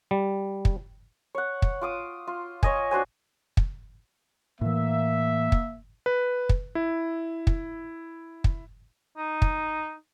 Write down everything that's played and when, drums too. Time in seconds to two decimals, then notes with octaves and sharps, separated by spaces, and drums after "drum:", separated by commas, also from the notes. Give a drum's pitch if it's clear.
0.11 G3
0.65 drum: kick
1.35 C#5 F#5
1.62 drum: kick
1.81 F4 D6 D#6
2.27 F4
2.63 C#5 D#5 G#5, drum: kick
2.91 D4 F#4 C5 G#5
3.57 drum: kick
4.61 A2 E3 A#3 E5
5.52 drum: kick
6.06 B4
6.49 drum: kick
6.75 E4
7.47 drum: kick
8.44 drum: kick
9.17 D#4
9.42 drum: kick